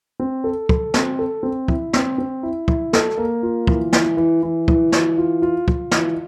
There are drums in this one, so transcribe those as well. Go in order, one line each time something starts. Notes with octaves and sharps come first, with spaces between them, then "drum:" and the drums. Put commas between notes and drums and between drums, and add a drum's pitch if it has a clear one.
C4
A4
A4, drum: kick
C4, drum: snare
A4
C4
E4, drum: kick
C4, drum: snare
C4
E4
E4, drum: kick
A4, drum: snare
A#3
F4
E3, drum: kick
E3, drum: snare
E3
E3
E3, drum: kick
E3, drum: snare
F4
F4
F4, drum: kick
E3, drum: snare